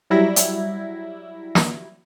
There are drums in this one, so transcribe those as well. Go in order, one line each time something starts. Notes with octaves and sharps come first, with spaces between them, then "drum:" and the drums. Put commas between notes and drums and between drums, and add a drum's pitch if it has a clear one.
F#3 G3 E4 A#6
drum: hi-hat
drum: snare